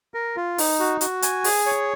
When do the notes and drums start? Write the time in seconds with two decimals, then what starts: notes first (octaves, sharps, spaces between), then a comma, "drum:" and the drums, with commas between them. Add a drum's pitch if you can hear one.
0.14 A#4
0.36 F4
0.58 D#4, drum: open hi-hat
0.79 F#4
1.01 F#4, drum: hi-hat
1.22 G#5, drum: hi-hat
1.44 G#4, drum: open hi-hat
1.66 C#5